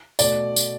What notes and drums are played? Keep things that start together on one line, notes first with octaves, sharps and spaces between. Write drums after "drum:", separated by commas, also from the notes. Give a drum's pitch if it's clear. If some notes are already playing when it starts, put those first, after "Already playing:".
B2 A3 D5, drum: tambourine
drum: tambourine